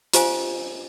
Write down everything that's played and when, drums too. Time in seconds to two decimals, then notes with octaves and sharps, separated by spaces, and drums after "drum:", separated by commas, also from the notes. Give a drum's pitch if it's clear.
0.13 F4 G4 C5 F5 G#5, drum: hi-hat